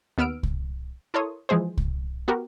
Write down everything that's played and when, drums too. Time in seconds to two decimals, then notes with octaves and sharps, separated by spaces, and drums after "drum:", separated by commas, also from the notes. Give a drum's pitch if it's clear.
0.18 D#2 B3 E6 F6 D7
0.43 drum: kick C2
1.14 E4 A4 A#4 C#5 C6 D#6
1.49 E3 F3 G#3 G#4 C5
1.77 drum: kick C2
2.28 B3 F#4 G4 A#4